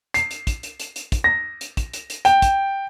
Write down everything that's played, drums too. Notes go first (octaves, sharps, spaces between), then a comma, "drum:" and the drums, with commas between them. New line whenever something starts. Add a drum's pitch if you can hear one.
C7, drum: hi-hat
drum: hi-hat
drum: kick, hi-hat
drum: hi-hat
drum: hi-hat
drum: hi-hat
drum: kick, hi-hat
A#6
drum: hi-hat
drum: kick, hi-hat
drum: hi-hat
drum: hi-hat
G5, drum: hi-hat
drum: kick, hi-hat